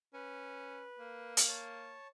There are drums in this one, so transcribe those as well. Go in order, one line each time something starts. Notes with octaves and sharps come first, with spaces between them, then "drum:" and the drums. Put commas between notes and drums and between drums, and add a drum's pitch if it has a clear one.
C#4 B4
A#3
drum: hi-hat
C#5 A5